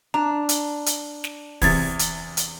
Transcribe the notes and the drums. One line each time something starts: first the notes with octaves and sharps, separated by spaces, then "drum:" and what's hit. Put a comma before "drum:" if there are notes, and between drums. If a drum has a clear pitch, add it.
D4 A#5
drum: hi-hat
drum: hi-hat
drum: snare
E2 C3 G#6 A6, drum: kick, open hi-hat
drum: hi-hat
drum: hi-hat